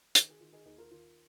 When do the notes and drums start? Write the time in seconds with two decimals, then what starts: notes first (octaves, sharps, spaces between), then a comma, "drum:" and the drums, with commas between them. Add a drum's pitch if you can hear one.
0.15 D#3, drum: hi-hat
0.30 G#4
0.40 D#3 F4
0.53 D#4 G#4
0.65 D#2 D#4 G#4
0.78 F4 A#4
0.91 D#3 F4 A#4